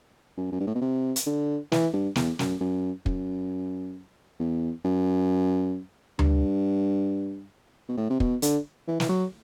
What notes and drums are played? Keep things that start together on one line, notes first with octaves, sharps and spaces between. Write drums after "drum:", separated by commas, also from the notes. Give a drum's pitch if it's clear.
F#2
F#2
G2
A2
B2
C3
drum: hi-hat
D3
E3, drum: snare
G2
E2, drum: snare
F#2, drum: snare
F#2
F#2, drum: kick
E2
F#2
G2, drum: tom D2
B2
A2
C3
B2, drum: kick
D3, drum: hi-hat
E3
E3, drum: snare
F#3